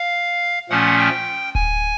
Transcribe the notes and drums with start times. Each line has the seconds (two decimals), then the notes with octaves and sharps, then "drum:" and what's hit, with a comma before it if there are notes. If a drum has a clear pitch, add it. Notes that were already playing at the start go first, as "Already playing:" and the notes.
Already playing: F5
0.70 A#2 F3 A3 C#4 F#5
0.99 G5
1.55 G#5, drum: kick D1